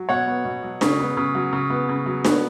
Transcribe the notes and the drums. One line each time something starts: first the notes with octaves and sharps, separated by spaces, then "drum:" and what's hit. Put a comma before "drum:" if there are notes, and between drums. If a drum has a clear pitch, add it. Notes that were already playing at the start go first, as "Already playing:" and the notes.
Already playing: F#3
B2 C#5 F#5
B3
B2
F#3
C#3, drum: snare D4
B3
C#3
F#3
C#3
B3
C#3
F#3
B3, drum: snare D4